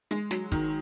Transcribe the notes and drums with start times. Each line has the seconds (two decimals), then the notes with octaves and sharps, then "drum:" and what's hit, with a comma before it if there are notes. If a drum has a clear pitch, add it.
0.11 G#3, drum: hi-hat
0.31 F#3, drum: snare
0.52 D#3, drum: kick, hi-hat